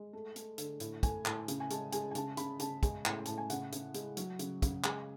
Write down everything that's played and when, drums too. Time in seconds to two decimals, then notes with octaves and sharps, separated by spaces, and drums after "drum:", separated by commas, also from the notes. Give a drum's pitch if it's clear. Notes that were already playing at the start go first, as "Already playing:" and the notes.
Already playing: G#3
0.13 A3
0.36 A3, drum: hi-hat
0.58 D3, drum: hi-hat
0.80 A2, drum: hi-hat
1.03 A3 G#5, drum: kick, hi-hat
1.25 A2 A5, drum: clap
1.48 C#3, drum: hi-hat
1.60 G#5
1.70 G#3 A5, drum: hi-hat
1.92 G#3 G#5, drum: hi-hat
2.11 G#5
2.15 C#3 A5, drum: hi-hat
2.37 C#3 B5, drum: hi-hat
2.59 C#3 A5, drum: hi-hat
2.83 G#3 G#5, drum: kick, hi-hat
3.05 A2, drum: clap
3.25 A2 A5, drum: hi-hat
3.38 G#5
3.50 C#3 F#5, drum: hi-hat
3.72 C#3, drum: hi-hat
3.94 G#3, drum: hi-hat
4.17 F#3, drum: hi-hat
4.39 C#3, drum: hi-hat
4.62 C#3, drum: kick, hi-hat
4.84 G#3 G#5, drum: clap